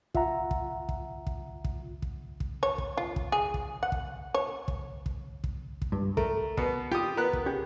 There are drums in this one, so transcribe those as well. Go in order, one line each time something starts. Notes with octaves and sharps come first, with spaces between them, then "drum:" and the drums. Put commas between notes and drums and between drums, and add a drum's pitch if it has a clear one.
F4 E5 F#5 A#5, drum: kick
drum: kick
drum: kick
drum: kick
drum: kick
drum: kick
drum: kick
C#5
drum: kick
F4
drum: kick
G#4
drum: kick
F#5
drum: kick
C#5
drum: kick
drum: kick
drum: kick
drum: kick
G2
A3 A#4, drum: kick
B2 B3, drum: kick
F4 G4 D#6
B3 A#4 F#6
drum: kick
C#4 G4 G#4